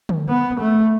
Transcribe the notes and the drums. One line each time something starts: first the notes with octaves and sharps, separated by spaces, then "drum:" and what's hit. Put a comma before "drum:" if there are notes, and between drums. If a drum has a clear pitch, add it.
drum: tom D3
B3
A3